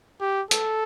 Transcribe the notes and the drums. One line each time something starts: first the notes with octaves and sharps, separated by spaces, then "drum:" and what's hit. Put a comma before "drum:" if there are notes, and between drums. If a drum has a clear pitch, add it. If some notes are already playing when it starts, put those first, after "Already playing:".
G4
A4, drum: hi-hat